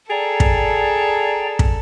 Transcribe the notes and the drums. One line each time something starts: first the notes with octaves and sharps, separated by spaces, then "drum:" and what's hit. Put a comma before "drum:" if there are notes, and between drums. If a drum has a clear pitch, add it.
G#4 A4 D5 G5 A#5
drum: kick
drum: kick